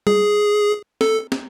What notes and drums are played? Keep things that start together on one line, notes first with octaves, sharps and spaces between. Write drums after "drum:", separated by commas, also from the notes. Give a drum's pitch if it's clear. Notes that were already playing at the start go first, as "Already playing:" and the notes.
G#4, drum: tom G3
A4, drum: snare
drum: snare